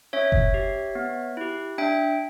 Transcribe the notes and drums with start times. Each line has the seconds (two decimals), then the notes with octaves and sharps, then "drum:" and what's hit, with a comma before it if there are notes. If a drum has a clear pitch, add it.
0.13 C#4 C#5 E5
0.32 drum: kick F#1
0.54 G4
0.95 B3
1.37 E4 G4
1.78 D4 E5 G5